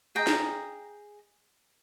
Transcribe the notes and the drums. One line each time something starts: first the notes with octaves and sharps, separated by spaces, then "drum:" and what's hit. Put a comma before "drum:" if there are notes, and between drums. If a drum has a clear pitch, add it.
G#4 D#5 G5 A#5
drum: snare